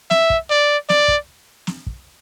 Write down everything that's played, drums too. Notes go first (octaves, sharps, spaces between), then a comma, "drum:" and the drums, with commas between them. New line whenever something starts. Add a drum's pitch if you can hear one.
E5, drum: snare
drum: kick
D5
D5, drum: snare
drum: kick
drum: snare
drum: kick